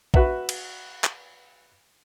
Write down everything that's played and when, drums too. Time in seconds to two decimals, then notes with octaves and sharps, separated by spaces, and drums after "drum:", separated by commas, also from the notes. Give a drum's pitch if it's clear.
0.14 F#4 B4 E5 F#5, drum: kick A#1
0.49 drum: cymbal
1.04 drum: clap